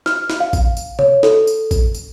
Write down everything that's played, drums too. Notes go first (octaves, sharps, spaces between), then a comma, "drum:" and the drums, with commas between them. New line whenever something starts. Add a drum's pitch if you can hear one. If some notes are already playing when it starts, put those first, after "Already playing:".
F6, drum: snare
drum: snare
F5
drum: kick A1, tambourine
drum: tambourine
C#5, drum: tom C3
A4, drum: snare
drum: tambourine
drum: kick A1, tambourine
drum: tambourine